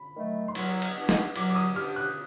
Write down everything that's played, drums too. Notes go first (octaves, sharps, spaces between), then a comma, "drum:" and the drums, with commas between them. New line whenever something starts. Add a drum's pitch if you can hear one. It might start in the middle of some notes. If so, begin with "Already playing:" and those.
Already playing: B5
D#3 F#3 A3
C6
F#3 C#6, drum: cymbal
drum: cymbal
B3 D4 G4
drum: snare
F#3 D6, drum: cymbal
D6
D#6
B3 D4 G4 F6
F#6